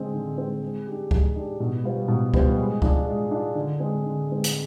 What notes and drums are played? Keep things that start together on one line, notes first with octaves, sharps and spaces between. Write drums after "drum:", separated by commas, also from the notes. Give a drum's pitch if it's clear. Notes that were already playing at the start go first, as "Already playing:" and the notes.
Already playing: D3 G#3 C4
D3
G#3 C4
G#3
D4 G4
G#3, drum: kick C#2
D4 G4
B2
G3 B3 F4 C5
B2
G3 B3 F4 C5, drum: kick C#2
G#3
D4 F4, drum: kick C#2
G#3
D4 F4
D3
G#3 C4
D3
G#3 C4
drum: hi-hat